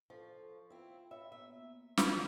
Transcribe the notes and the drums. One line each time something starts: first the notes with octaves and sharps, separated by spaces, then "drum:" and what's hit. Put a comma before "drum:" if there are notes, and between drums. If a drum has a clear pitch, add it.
F3 A4 C#6
C4 E4 F4 F5
C#5 E5 B5
A#3 B3 E5
C3 F3, drum: snare